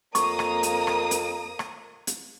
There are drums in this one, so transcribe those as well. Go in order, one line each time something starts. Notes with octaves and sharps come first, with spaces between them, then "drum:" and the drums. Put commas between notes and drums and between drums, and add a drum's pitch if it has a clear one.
F2 A#3 A#5 C#6 D#6, drum: hi-hat
drum: rim click
drum: hi-hat
drum: rim click
drum: hi-hat
drum: rim click
drum: hi-hat